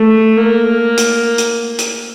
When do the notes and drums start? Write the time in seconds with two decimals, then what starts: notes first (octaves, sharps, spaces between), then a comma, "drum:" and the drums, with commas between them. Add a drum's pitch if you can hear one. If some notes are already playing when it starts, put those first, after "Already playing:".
Already playing: A3
0.37 A#3
0.97 drum: hi-hat
1.38 drum: hi-hat
1.79 drum: hi-hat